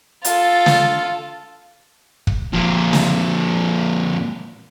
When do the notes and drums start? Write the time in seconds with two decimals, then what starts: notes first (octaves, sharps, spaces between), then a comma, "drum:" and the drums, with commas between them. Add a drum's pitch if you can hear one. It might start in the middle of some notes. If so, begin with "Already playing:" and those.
0.25 F4 A4, drum: hi-hat
0.66 drum: snare
2.27 drum: kick
2.53 F2 A#2
2.93 drum: snare